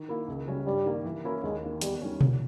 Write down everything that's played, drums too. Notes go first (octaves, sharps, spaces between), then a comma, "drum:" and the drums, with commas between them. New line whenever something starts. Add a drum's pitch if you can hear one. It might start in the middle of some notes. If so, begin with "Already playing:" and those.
Already playing: D#3
A#3 E4 A#4
C#2
C#3 G3 C#4
G2 G3
D#3 A#3
E3
A#3 C#4 E4 A#4
D#2 G#3
D#3 A#3
E2 G3, drum: hi-hat
D#3 G3 C#4
A#2, drum: tom B2